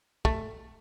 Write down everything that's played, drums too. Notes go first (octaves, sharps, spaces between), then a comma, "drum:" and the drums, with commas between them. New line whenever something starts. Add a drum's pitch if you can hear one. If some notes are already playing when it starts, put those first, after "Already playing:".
A3, drum: kick